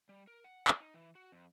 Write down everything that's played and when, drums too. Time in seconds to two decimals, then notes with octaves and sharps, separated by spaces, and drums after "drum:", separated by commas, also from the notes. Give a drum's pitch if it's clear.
0.09 G3
0.27 A#4
0.44 F#5
0.68 D5, drum: clap
0.80 D#4
0.94 E3
1.15 F#4
1.32 F2